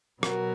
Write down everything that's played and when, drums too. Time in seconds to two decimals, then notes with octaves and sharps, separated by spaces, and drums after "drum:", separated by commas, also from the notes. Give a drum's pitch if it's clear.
0.23 B2 F#3 F#4 A#4, drum: rim click